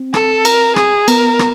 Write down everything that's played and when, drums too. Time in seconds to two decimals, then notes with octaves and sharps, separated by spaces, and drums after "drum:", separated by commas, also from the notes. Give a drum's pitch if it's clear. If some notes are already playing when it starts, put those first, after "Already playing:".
Already playing: C4
0.14 A4, drum: rim click
0.45 A#4, drum: cymbal
0.76 G#4, drum: rim click
1.08 B3 A#4, drum: cymbal
1.39 drum: rim click